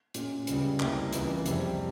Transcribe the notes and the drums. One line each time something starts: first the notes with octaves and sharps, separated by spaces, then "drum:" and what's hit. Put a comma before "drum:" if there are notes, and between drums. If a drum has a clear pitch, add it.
A#2 G#3 C#4, drum: hi-hat
C#2 C#3 G3, drum: hi-hat
C2 C3 G3 A#3, drum: clap
C#2 C#3 E3, drum: hi-hat
F2 C3 G3, drum: hi-hat